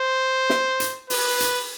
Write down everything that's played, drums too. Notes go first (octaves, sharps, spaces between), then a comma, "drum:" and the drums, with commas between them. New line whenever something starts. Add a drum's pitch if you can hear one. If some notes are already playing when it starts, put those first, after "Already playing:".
Already playing: C5
drum: snare
drum: hi-hat
B4, drum: open hi-hat
drum: hi-hat